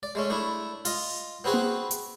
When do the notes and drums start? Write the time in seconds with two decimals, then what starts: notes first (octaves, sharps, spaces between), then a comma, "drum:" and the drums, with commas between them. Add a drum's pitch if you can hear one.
0.03 D5
0.15 G#3 A3 C#4
0.30 A3 D4 E4
0.85 F4 D#5, drum: open hi-hat
1.44 B3 C4 F#4 G#4 B4 F#5
1.54 drum: tom A#3
1.91 drum: hi-hat